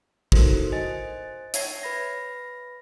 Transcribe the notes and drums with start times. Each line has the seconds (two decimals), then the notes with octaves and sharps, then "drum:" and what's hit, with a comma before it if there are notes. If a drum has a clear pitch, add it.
0.32 D#4 E4 F#4 A4 A#4 C5, drum: kick
0.72 C5 D#5 G#5 A6
1.54 C#5 E5 G#6 C7, drum: hi-hat
1.83 B4 B5 A#6